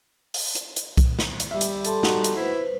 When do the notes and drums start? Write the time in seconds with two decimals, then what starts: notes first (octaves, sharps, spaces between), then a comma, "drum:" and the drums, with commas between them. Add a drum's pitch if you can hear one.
0.34 drum: open hi-hat
0.55 drum: hi-hat
0.76 drum: hi-hat
0.97 drum: kick B1, hi-hat
1.19 drum: snare
1.40 drum: hi-hat
1.51 G3 E5
1.61 drum: hi-hat
1.85 A4 A5 C6, drum: hi-hat
2.03 D#4 F#4, drum: snare
2.24 drum: hi-hat
2.36 E4 B4 C5